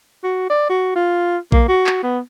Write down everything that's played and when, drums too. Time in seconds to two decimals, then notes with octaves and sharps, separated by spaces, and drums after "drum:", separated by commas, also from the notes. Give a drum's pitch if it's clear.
0.24 F#4
0.50 D5
0.70 F#4
0.96 F4
1.52 A#3, drum: kick A#1
1.68 F#4
1.86 drum: clap
2.03 B3